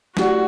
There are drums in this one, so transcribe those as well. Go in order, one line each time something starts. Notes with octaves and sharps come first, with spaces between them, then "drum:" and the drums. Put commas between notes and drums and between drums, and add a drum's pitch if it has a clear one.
A3 E4 F#4 G4 D5 F#5, drum: snare